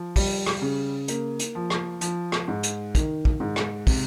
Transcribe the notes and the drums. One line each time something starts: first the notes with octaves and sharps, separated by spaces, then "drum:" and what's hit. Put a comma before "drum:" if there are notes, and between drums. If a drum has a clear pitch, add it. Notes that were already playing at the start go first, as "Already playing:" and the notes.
Already playing: F3
G3, drum: kick, open hi-hat
drum: rim click
C#3
A#3, drum: hi-hat
drum: hi-hat
F3
drum: rim click
F3, drum: hi-hat
drum: rim click
G#2
drum: hi-hat
D#3, drum: kick, hi-hat
drum: kick
G#2
drum: rim click
C3, drum: kick, open hi-hat